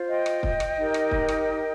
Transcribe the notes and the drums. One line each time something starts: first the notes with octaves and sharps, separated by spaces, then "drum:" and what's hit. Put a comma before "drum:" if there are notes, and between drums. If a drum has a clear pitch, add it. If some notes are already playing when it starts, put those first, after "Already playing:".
Already playing: F4 C5
D#5 G5
drum: rim click
drum: kick
drum: rim click
D#4 G4 A#4
drum: rim click
drum: kick
drum: rim click